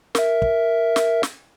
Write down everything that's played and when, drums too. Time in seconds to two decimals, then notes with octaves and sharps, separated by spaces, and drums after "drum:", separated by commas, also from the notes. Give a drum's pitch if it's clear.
0.15 A#4 E5, drum: snare
0.42 drum: kick
0.96 drum: snare
1.23 drum: snare